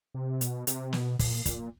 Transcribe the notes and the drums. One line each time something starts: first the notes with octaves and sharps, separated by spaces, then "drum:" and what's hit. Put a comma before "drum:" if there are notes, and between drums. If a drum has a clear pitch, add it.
C3
B2, drum: hi-hat
C3, drum: hi-hat
B2, drum: snare
A#2, drum: kick, open hi-hat
A#2, drum: kick, hi-hat